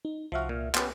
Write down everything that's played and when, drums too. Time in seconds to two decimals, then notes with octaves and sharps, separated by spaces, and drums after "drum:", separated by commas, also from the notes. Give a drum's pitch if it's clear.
0.05 D#4
0.32 C2 F3 F#4 E5 F6
0.49 A#2
0.75 B3 C#4 G4 B4 C6, drum: clap